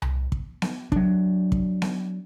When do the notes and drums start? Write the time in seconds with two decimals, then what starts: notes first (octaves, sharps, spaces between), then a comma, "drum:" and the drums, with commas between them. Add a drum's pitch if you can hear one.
0.02 drum: tom C2
0.32 drum: kick
0.62 drum: snare B3
0.92 F#3 D4, drum: kick
1.52 drum: kick
1.82 drum: snare B3